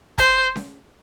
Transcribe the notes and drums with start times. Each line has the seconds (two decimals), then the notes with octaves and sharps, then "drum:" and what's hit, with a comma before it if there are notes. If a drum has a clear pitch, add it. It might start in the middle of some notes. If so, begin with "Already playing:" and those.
0.18 C5, drum: kick, hi-hat
0.56 drum: snare C#4